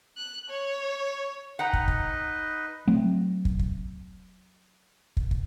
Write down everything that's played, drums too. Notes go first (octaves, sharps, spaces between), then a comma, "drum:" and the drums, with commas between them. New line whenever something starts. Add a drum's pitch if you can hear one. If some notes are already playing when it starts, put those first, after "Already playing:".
F#6
C#5
D#4 B4 D#5 F#5 G5 A#5
drum: kick
drum: kick
F#3 A3 C4
drum: kick
drum: kick
drum: kick
drum: kick